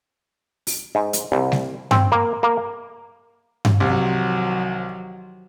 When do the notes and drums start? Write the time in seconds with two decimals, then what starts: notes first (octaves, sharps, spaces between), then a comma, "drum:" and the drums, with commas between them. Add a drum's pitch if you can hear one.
0.67 drum: open hi-hat
0.95 G#2
1.13 drum: hi-hat
1.32 C2
1.52 drum: snare G3
1.91 C4, drum: tom G2
2.12 A#3
2.43 A#3
3.65 drum: tom G2
3.80 C2 D#3 F3 F#3